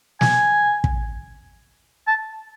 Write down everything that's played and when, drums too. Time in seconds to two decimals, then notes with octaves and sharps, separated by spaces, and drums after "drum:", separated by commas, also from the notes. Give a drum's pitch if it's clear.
0.21 G#5, drum: snare
0.84 drum: kick
2.07 A5